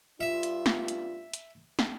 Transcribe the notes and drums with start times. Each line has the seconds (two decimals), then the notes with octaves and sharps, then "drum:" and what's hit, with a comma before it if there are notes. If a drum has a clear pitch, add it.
0.21 G2 D4 F4 E5
0.43 drum: hi-hat
0.66 drum: snare
0.88 drum: hi-hat
1.34 drum: hi-hat
1.79 drum: snare